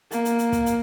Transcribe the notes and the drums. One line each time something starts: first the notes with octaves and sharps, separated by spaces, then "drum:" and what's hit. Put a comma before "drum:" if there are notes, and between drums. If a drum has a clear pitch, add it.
A#3, drum: hi-hat
drum: hi-hat
drum: hi-hat
drum: kick, hi-hat
drum: hi-hat